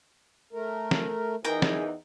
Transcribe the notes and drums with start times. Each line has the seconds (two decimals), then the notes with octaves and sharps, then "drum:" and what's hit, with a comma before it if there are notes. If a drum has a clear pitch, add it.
0.53 A3 A#4
0.91 drum: snare
1.44 E2 E3 D#4 G#4 A#4 G5 A#5
1.62 drum: snare